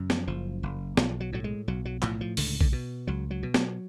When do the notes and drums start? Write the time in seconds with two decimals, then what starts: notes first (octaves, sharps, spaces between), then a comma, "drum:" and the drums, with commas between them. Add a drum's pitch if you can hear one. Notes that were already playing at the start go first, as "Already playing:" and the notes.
Already playing: F#2 C#3
0.10 F3, drum: snare
0.27 F#1 F3
0.63 F#1
0.97 B1 F3, drum: snare
1.20 F#3
1.33 A2 F#3
1.44 G#3
1.68 B1 F#3
1.85 F#3
2.02 A2 F3, drum: clap
2.21 F3
2.37 C#2 D3, drum: open hi-hat
2.61 D3, drum: kick A#1
2.73 B2
3.07 C#2 F#3
3.31 F#3
3.43 B2
3.54 F#3, drum: snare